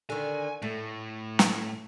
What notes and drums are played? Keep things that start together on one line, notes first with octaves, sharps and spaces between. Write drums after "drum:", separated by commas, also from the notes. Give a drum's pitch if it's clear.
D3 D#3 G#5
A2 A3
drum: snare